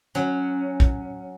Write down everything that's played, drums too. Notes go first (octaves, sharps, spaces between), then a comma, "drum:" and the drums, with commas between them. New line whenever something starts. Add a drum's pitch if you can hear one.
F#3 C#4
drum: kick